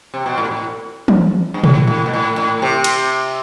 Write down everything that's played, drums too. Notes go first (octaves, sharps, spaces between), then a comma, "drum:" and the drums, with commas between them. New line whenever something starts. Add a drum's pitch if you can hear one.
C3
B2
A2
A2
drum: tom
G2
A2, drum: tom
A2
B2
A2
A2
C3
drum: cymbal